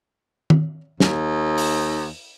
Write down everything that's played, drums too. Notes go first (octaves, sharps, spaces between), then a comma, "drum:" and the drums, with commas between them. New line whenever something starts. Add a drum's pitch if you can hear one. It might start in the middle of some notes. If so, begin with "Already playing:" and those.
drum: tom D#3
D#2, drum: snare
drum: open hi-hat